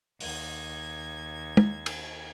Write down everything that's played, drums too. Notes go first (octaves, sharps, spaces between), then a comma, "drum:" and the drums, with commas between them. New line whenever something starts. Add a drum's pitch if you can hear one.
D#2 G#6, drum: open hi-hat
drum: tom
drum: cymbal